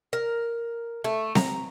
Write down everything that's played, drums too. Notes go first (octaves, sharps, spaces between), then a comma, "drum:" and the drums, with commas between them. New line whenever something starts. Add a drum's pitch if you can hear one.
A#4
A3
A#5, drum: snare C4